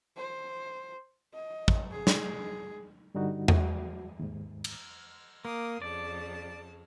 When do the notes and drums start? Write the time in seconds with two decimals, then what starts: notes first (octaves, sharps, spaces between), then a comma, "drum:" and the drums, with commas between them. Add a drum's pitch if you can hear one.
0.17 C5
1.34 D#5
1.68 drum: kick
1.92 G#4
2.07 drum: snare
3.14 G2 D3 G3 D#4 F#4
3.48 F#4, drum: tom E2
4.19 D#2 G#2
4.64 drum: cymbal
5.45 A#3 C6 D6 D#6
5.82 F2 C#3 D5 A5